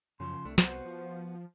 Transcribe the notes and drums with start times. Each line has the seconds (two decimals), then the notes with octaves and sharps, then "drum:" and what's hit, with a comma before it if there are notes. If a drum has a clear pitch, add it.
0.20 F#2 C#3 F3 C6
0.45 C2 A3 D4
0.58 C2 B3 F#4 C5, drum: snare
0.85 F3